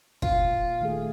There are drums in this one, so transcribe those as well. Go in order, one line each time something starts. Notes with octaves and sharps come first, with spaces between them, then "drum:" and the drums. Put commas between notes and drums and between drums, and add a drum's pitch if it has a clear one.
A#2 F4, drum: kick
D#3 A3 G#4